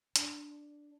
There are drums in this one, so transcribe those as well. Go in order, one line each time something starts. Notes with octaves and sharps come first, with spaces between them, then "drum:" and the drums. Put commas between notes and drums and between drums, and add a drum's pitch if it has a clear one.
D4, drum: hi-hat